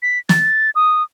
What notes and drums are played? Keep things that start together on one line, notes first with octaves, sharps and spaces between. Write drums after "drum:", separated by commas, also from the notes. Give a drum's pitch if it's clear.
B6
A6, drum: snare
D#6